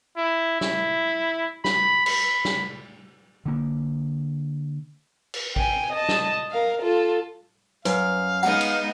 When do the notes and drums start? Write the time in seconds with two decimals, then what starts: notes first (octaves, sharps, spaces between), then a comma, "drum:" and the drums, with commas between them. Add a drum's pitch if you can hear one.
0.17 E4
0.61 E4, drum: snare
1.65 B5, drum: snare
2.06 B5, drum: cymbal
2.45 drum: snare
3.46 D3 A#3
5.34 drum: cymbal
5.56 G5 G#5, drum: kick A1
5.93 D#5 A5
6.09 drum: snare
6.51 A#4 F5
6.82 F4 A4
7.85 F#2 B4 F5, drum: hi-hat
8.43 G#3 B3 D#4 F#5 A#5, drum: tambourine
8.61 drum: cymbal